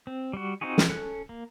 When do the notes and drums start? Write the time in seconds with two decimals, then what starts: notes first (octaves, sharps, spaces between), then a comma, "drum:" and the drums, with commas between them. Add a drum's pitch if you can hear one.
0.07 C4
0.33 G3 F#4
0.61 C4 D#4 F4 F#4 G#4
0.78 drum: snare
0.88 C#4 A4 F#6
1.29 A#3